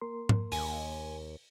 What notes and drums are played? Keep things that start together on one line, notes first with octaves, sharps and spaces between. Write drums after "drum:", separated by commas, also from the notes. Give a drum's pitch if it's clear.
A#3 A#4 C6
drum: tom G#2
D#2 G#5, drum: open hi-hat